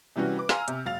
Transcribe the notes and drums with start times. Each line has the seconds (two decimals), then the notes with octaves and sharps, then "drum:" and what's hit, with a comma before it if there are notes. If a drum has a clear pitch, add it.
0.16 C3 E3 G3 C#4 F#4
0.37 B4 D6
0.49 F5 G#5 A#5 C6 E6 F6, drum: snare
0.68 C3, drum: hi-hat
0.86 F#1 F5 A6 F7